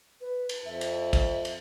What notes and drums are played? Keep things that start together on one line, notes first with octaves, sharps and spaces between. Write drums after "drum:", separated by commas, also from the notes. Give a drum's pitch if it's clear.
B4
drum: cymbal
F2 E5
drum: cymbal
drum: kick, cymbal
drum: cymbal